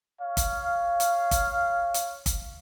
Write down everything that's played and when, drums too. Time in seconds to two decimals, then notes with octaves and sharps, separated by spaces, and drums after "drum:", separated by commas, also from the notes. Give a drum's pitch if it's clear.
0.21 C#5 F5
0.37 drum: kick, hi-hat
1.00 drum: hi-hat
1.31 drum: kick, hi-hat
1.94 drum: hi-hat
2.26 drum: kick, hi-hat